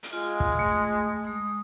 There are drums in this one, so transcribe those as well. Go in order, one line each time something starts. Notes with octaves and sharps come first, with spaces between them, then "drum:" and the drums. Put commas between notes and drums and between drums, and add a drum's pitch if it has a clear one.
drum: hi-hat
G#3 F4 F5
drum: kick
A3 G#4
G#3 D#6